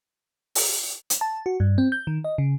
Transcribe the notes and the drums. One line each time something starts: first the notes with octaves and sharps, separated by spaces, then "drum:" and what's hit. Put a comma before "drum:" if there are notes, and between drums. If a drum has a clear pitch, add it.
drum: open hi-hat
drum: hi-hat
A5
F#4
G2
C4
G6
D#3
D#5
C#3